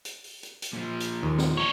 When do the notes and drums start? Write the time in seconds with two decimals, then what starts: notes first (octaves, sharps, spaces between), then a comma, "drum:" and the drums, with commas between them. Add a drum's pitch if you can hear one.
0.05 drum: hi-hat
0.24 drum: open hi-hat
0.43 drum: hi-hat
0.62 drum: hi-hat
0.74 A#2 F3
1.00 drum: hi-hat
1.23 D#2
1.38 drum: snare
1.57 D4 C#5